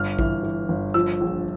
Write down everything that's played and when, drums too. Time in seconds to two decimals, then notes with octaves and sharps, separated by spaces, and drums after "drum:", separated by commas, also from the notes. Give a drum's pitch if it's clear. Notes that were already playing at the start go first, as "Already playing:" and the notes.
Already playing: G1 F6
0.19 E3, drum: kick A1
0.43 E3
0.69 G1
0.94 F3 E6
1.21 A#1